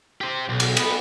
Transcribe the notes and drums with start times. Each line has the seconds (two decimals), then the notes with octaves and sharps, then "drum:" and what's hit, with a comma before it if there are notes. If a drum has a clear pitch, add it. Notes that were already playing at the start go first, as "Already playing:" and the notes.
0.21 G4 C5
0.49 B1
0.60 drum: cymbal
0.77 B3 B4, drum: cymbal